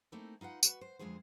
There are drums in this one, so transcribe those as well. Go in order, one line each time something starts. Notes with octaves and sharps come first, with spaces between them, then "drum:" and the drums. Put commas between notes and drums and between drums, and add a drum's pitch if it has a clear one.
A3 A#3 C4 D#4 E4
D#4 F4 B4 F#5
F#4 B4, drum: tambourine
C5
F2 D3 G#3 F4 G#4 C5